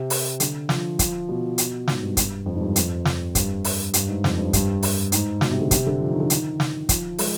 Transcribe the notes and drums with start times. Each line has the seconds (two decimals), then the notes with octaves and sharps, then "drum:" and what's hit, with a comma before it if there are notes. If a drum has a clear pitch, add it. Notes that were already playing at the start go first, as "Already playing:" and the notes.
Already playing: C3
0.10 drum: open hi-hat
0.40 D3, drum: hi-hat
0.69 F3, drum: snare
0.99 F3, drum: kick, hi-hat
1.29 B2
1.58 drum: hi-hat
1.88 G#2, drum: snare
2.02 G2
2.17 drum: kick, hi-hat
2.46 F2
2.55 G#2
2.61 G2
2.76 F2, drum: hi-hat
3.05 drum: snare
3.35 G2, drum: kick, hi-hat
3.64 drum: open hi-hat
3.94 G2, drum: hi-hat
4.09 G#2
4.24 F2, drum: snare
4.38 G2
4.53 G2, drum: kick, hi-hat
4.83 drum: open hi-hat
5.12 G#2, drum: hi-hat
5.41 B2, drum: snare
5.51 C3
5.61 D3
5.71 C3, drum: kick, hi-hat
5.86 D3
6.00 F3
6.11 D#3
6.20 D3
6.30 D#3, drum: hi-hat
6.60 drum: snare
6.89 F3, drum: kick, hi-hat
7.18 G#3, drum: open hi-hat